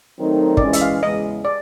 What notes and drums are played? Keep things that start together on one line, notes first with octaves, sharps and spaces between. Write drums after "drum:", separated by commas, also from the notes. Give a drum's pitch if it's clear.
D#3 F#3 A3 C4 D#4
D5, drum: kick
E3 G#3 C#4 D#5
E5, drum: hi-hat
F5
E2 C#3 E3 G#3 D#5
D5